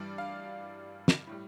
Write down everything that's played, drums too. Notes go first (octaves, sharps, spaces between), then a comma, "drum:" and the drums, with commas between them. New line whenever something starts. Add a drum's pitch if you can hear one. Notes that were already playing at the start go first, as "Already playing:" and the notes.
Already playing: G2 E3 G3 D5
F5
drum: snare
A2 G3